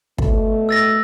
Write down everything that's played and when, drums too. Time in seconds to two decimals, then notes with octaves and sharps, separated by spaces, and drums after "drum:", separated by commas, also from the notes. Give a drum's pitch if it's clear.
0.18 B2 A3, drum: kick
0.69 E6 A6 A#6